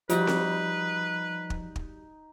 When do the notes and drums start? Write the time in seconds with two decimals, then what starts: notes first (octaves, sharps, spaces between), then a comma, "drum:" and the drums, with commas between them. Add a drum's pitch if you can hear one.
0.10 F3 G3 D#4 F#4 G4 B4, drum: hi-hat
0.27 drum: snare C4
1.50 drum: kick
1.76 drum: kick